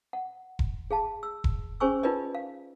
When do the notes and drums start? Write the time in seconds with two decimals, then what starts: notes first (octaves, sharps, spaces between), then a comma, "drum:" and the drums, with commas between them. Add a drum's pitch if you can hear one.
0.13 F#5
0.59 drum: kick E1
0.91 G#4 F5 A5
1.23 E6
1.44 drum: kick E1
1.80 C#4 G#4 C5 G#5 C#6 E6
2.03 D#4 F4 A#4 B4 D5 D#5
2.35 F5